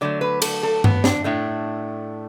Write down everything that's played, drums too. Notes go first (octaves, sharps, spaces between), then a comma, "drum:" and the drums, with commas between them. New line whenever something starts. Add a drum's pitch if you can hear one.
D3 F#3 A3 D5
B4
A4, drum: cymbal
A4
B3, drum: tom G2
D4, drum: snare
A2 A3 D4